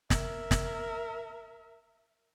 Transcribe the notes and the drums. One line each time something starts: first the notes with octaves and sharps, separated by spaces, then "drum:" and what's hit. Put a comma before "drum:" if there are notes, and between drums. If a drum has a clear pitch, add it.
A#4 E5, drum: snare
drum: snare